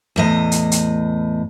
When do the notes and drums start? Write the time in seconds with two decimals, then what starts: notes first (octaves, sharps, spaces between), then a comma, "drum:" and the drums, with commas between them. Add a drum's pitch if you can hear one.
0.16 E2 A2 D#5
0.52 drum: hi-hat
0.72 drum: hi-hat